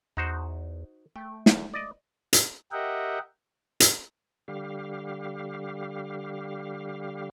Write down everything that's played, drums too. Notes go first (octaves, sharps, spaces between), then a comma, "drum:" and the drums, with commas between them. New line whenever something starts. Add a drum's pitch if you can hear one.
E2 D#4 F#4 C5
A3 G5
E2, drum: snare
D5 D#5
drum: hi-hat
G4 A#4 D#5 E5 F#5 G5
drum: hi-hat
D3 G3 G4 F5